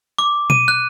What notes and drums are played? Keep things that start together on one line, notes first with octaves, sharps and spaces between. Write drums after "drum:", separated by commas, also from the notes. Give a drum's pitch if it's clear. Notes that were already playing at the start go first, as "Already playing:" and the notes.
D6
D#7, drum: tom B2
F#6